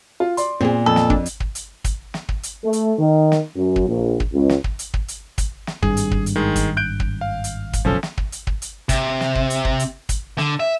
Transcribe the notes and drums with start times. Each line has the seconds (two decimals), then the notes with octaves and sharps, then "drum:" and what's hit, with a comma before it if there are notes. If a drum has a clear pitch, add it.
0.20 F4
0.37 D5 C6, drum: hi-hat
0.61 A#2 B3 C4 G#4
0.86 F2 A4
0.96 drum: snare
1.10 D4, drum: kick
1.26 drum: hi-hat
1.40 drum: kick
1.55 drum: hi-hat
1.84 drum: kick, hi-hat
2.14 drum: snare
2.29 drum: kick
2.43 drum: hi-hat
2.63 A3
2.73 drum: hi-hat
2.98 D#3
3.32 drum: snare
3.55 F#2
3.76 drum: kick
3.87 A#1
4.20 drum: kick
4.33 C#2
4.49 drum: snare
4.64 drum: kick
4.79 drum: hi-hat
4.94 drum: kick
5.08 drum: hi-hat
5.38 drum: kick, hi-hat
5.67 drum: snare
5.82 G#1 G2 G#4, drum: kick
5.97 drum: hi-hat
6.11 drum: kick
6.26 drum: hi-hat
6.36 D#3 G#3
6.56 drum: kick, hi-hat
6.77 F#6 G6 D7
7.00 drum: kick
7.21 F5
7.44 drum: hi-hat
7.73 drum: kick, hi-hat
7.85 F#1 B1 F3 C#4 A4
8.03 drum: snare
8.18 drum: kick
8.32 drum: hi-hat
8.47 drum: kick
8.62 drum: hi-hat
8.89 C3, drum: kick, hi-hat
9.21 drum: snare
9.35 drum: kick
9.50 drum: hi-hat
9.65 drum: kick
9.79 drum: hi-hat
10.09 drum: kick, hi-hat
10.38 D3, drum: snare
10.60 E5